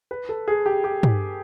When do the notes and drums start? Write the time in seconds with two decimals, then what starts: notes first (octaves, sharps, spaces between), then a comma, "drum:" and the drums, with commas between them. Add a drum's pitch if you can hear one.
0.11 B4
0.29 A4
0.48 G#4
0.66 G4
0.84 G4
1.03 drum: tom